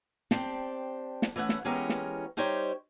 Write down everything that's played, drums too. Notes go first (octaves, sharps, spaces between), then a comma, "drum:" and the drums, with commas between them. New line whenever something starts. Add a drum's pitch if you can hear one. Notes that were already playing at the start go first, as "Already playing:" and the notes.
C4 D4 G4, drum: snare
drum: snare
E3 A3 C#4 F#5
drum: snare
E3 G#3 B3 C#4 G4 A#4
drum: snare
G3 D#4 G4 C5 C#5